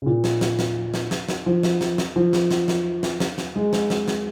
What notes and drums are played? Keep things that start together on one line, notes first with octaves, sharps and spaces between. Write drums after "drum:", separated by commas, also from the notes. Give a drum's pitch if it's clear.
C#3
A#2
drum: snare
drum: snare
drum: snare
drum: snare
drum: snare
drum: snare
F3
drum: snare
drum: snare
drum: snare
F3
drum: snare
drum: snare
drum: snare
drum: snare
drum: snare
drum: snare
G#3
drum: snare
drum: snare
drum: snare